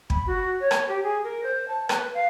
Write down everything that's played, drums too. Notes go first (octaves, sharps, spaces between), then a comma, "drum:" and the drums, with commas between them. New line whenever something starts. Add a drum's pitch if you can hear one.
B5, drum: kick
F#4
C#5
drum: rim click
G4
G#4
A#4
C5
A5
B4, drum: rim click
F5